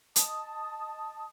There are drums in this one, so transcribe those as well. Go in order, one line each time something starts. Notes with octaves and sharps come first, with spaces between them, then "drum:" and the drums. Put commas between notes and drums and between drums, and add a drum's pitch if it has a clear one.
D#5 A5 D#6, drum: hi-hat